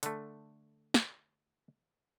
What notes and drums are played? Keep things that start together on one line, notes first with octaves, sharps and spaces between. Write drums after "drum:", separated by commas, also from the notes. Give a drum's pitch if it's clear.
D3 A3, drum: hi-hat
drum: snare